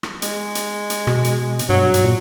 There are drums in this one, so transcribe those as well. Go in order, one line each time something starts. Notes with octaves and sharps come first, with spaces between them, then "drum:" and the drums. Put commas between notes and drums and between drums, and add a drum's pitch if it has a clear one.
drum: rim click
G#3, drum: hi-hat
drum: hi-hat
drum: hi-hat
B2, drum: rim click
drum: hi-hat
drum: hi-hat
G2 F#3
drum: hi-hat
A#2